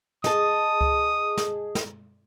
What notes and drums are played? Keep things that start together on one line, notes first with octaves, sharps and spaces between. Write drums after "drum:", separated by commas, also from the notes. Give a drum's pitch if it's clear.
G#4 D#5 A5 D#6, drum: snare
drum: kick C#2
drum: snare
drum: snare